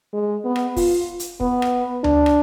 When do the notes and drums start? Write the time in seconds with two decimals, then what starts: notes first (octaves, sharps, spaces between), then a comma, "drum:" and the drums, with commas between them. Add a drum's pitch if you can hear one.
0.14 G#3
0.45 B3
0.56 drum: rim click
0.77 F4, drum: kick, open hi-hat
1.20 drum: hi-hat
1.40 B3, drum: kick
1.62 drum: rim click
2.04 D4, drum: tom D2
2.26 drum: rim click